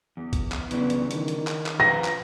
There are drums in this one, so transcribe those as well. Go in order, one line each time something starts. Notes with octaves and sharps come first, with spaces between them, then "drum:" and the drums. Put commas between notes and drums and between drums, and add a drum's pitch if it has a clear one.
E2
drum: kick C2, hi-hat
drum: clap
C#3 E3 B3 D4, drum: hi-hat
drum: hi-hat
D#3, drum: hi-hat
drum: hi-hat
drum: clap
drum: clap
F3 B4 F5 A#5 A#6
drum: clap